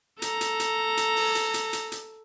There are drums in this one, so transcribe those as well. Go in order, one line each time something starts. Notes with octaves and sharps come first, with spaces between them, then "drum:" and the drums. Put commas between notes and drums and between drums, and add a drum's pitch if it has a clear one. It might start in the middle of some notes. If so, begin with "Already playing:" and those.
A4 A#5, drum: hi-hat
drum: hi-hat
drum: hi-hat
drum: hi-hat
drum: open hi-hat
drum: hi-hat
drum: hi-hat
drum: hi-hat
drum: hi-hat